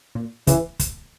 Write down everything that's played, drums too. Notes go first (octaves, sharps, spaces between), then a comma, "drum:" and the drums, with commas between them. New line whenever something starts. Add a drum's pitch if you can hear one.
A#2
C#3 E3, drum: kick, hi-hat
drum: kick, hi-hat